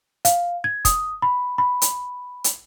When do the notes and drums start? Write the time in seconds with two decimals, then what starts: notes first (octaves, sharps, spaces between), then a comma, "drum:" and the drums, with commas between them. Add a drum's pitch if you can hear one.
0.25 F5, drum: hi-hat
0.64 G#6
0.85 D#6, drum: kick, hi-hat
1.22 B5
1.58 B5
1.82 drum: hi-hat
2.44 drum: hi-hat